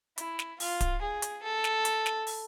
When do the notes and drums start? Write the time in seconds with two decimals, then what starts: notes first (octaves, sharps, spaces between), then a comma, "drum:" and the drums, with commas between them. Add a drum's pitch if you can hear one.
0.18 E4, drum: hi-hat
0.39 drum: snare
0.60 F4, drum: open hi-hat
0.80 drum: kick D1, hi-hat
1.01 G#4
1.22 drum: hi-hat
1.43 A4
1.64 drum: snare
1.85 drum: hi-hat
2.06 drum: snare
2.27 drum: open hi-hat